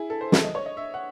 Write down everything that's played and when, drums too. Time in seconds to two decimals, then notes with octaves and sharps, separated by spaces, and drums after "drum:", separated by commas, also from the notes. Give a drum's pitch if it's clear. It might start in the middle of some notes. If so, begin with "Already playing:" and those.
Already playing: E4 G#4
0.10 A4
0.21 C5
0.32 A4, drum: snare
0.44 D#5
0.55 C#5
0.66 D#5
0.77 E5
0.94 F#5